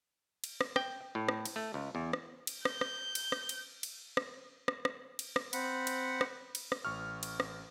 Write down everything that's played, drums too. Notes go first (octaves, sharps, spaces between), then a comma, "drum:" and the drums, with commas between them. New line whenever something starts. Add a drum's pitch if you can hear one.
drum: cymbal
drum: rim click
G5, drum: rim click
A2
drum: rim click
drum: cymbal
A3
C#2
E2
drum: rim click
drum: cymbal
G6, drum: rim click
drum: rim click
drum: cymbal
drum: rim click
drum: cymbal
drum: cymbal
drum: rim click
drum: rim click
drum: rim click
drum: cymbal
drum: rim click
C4 F#5 B5, drum: cymbal
drum: cymbal
drum: rim click
drum: cymbal
drum: rim click
A1 C#6 F6
drum: cymbal
drum: rim click